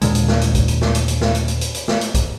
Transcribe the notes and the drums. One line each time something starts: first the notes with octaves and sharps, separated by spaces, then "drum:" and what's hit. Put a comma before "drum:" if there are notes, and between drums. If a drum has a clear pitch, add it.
D#2 A#2 D3 G#3, drum: hi-hat
drum: hi-hat
drum: snare
drum: hi-hat
drum: kick A#1, hi-hat
drum: hi-hat
drum: snare
drum: hi-hat
drum: hi-hat
drum: snare
drum: hi-hat
drum: hi-hat
drum: hi-hat
drum: hi-hat
drum: snare
drum: hi-hat
drum: kick A#1, hi-hat